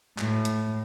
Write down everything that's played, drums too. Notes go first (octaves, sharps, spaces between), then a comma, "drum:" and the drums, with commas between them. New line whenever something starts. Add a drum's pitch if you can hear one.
A2, drum: clap
drum: hi-hat